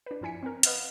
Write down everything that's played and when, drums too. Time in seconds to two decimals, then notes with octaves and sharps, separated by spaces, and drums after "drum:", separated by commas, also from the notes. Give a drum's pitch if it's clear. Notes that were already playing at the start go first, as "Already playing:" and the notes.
0.06 D4 B4
0.21 G2 F3 E4 G#5 B6 C#7
0.43 C4 A#4
0.63 B4 D#5 F5 F#5 F6 A6, drum: hi-hat